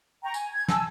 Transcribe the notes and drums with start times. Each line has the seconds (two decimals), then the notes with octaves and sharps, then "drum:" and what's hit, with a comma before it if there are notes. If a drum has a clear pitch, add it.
0.23 G5 A#5 C#6
0.34 G#5, drum: tambourine
0.52 G#6
0.68 G#5 A5 E6, drum: snare